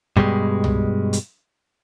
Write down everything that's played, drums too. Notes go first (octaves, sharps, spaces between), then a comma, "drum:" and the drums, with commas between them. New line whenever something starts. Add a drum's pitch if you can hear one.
G2 B2 G3 G#3, drum: kick
drum: tom C2
drum: hi-hat